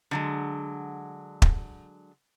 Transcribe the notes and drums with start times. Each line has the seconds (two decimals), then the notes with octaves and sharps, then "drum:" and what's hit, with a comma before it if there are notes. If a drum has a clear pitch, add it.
0.11 D3 F#3 G#3
1.42 drum: kick